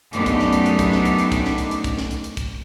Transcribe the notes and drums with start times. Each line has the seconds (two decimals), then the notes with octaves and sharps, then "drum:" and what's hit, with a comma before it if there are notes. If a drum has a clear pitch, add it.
0.13 F#2 A3 B3 D4 D#4 G4, drum: hi-hat
0.26 drum: kick, hi-hat
0.39 drum: snare
0.53 drum: hi-hat
0.66 drum: hi-hat
0.79 drum: kick, hi-hat
0.92 drum: snare
1.05 drum: hi-hat
1.18 drum: hi-hat
1.32 drum: kick, hi-hat
1.45 drum: snare
1.58 drum: hi-hat
1.71 drum: hi-hat
1.84 drum: kick, hi-hat
1.98 drum: snare
2.11 drum: hi-hat
2.24 drum: hi-hat
2.37 drum: kick, hi-hat